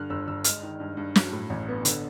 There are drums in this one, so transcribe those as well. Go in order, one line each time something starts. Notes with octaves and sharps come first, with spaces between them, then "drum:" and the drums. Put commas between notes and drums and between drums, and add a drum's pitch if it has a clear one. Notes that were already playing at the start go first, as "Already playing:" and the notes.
Already playing: G2 D3 F6 F#6
G1 E6
G1 E6
G#3 F6, drum: hi-hat
D#3
G2
G2
F#3, drum: snare
A2
A1
B3
D3, drum: hi-hat